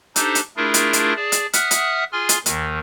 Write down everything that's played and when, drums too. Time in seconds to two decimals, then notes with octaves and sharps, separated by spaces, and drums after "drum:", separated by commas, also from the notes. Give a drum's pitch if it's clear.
0.16 D4 D#4 G4 A4 C5, drum: hi-hat
0.35 drum: hi-hat
0.57 A3 D4 E4 F4 G#4 A#4
0.74 drum: hi-hat
0.93 drum: hi-hat
1.16 G#4 D5 A5
1.32 drum: hi-hat
1.53 E5 F#5 D#6 F6 F#6, drum: hi-hat
1.71 drum: hi-hat
2.12 F4 G#4 G#5 C6 F6
2.29 drum: hi-hat
2.46 D#2 D#3, drum: hi-hat